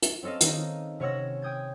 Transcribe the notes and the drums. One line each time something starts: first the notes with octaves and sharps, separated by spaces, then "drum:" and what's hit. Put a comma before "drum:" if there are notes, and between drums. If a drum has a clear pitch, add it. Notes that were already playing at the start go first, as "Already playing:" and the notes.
drum: hi-hat
C4 C#4 A4 D#5 F5
D#3 D#4, drum: hi-hat
C3 C#4 C#5 F#5 E6 A#6
G5 D#6 G6 G#6